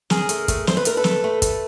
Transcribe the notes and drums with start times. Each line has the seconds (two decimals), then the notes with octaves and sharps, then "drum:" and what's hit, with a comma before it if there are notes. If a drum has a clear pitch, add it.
0.10 C#3 G#4 A#4, drum: snare
0.29 A3, drum: hi-hat
0.48 A3, drum: kick, hi-hat
0.67 A3 C5, drum: snare
0.77 B4
0.85 A3 A#4, drum: hi-hat
0.97 A4 B4
1.04 A3, drum: snare
1.24 A3
1.42 A3, drum: kick, hi-hat